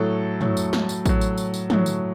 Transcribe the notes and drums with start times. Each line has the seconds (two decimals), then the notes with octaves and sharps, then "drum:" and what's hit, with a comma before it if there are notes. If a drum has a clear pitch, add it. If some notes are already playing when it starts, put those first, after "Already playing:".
Already playing: A2 F#3 A4
0.41 A2 F#3, drum: tom
0.57 drum: tambourine
0.73 drum: snare
0.89 drum: tambourine
1.06 A2 F#3, drum: kick A1, tambourine
1.21 drum: tambourine
1.38 drum: tambourine
1.54 drum: tambourine
1.70 A2 F#3, drum: tom
1.86 drum: tambourine